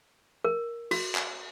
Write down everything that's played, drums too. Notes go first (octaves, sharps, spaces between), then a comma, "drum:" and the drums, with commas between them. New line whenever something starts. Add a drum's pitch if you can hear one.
A#4
F#4, drum: cymbal
drum: clap